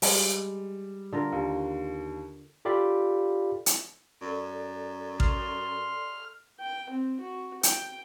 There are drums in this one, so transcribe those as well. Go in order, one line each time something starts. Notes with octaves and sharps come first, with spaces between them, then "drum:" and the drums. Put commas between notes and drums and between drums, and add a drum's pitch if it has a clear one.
G3 G#3, drum: open hi-hat
D3 F4 A#4
D#2
F4 G4 A4 D5 F5 B5
drum: hi-hat
F#2 A4 D5
C6 F6, drum: kick A1
G5
C4
F#4
G5, drum: hi-hat